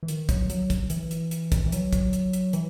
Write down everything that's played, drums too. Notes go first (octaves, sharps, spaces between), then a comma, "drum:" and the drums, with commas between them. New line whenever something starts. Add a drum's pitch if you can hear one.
E3
D#3, drum: hi-hat
F#3, drum: kick, hi-hat
F#3, drum: hi-hat
drum: kick, hi-hat
E3, drum: hi-hat
drum: hi-hat
drum: hi-hat
drum: kick, hi-hat
E3
F#3, drum: hi-hat
drum: kick, hi-hat
drum: hi-hat
drum: hi-hat
E3, drum: hi-hat